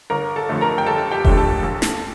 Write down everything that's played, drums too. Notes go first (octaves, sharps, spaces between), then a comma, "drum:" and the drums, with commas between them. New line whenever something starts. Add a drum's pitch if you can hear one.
G1 A#4 A#5
A4 A5
F2 D3 A3
A#4 A#5
G5
G1 A4 A5
G4 G5
F2 D3 A3, drum: kick F1
A4 A5
A#1
drum: snare